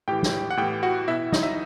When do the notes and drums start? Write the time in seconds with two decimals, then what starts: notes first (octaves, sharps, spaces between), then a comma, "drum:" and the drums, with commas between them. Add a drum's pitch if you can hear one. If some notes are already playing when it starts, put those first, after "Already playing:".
0.08 A2 E3 G4 G5
0.23 drum: snare
0.50 F#5
0.57 A2 G4 G5
0.63 E3
0.83 F#4 F#5
1.08 B2 E4 E5
1.32 D#4 D#5, drum: snare
1.43 E5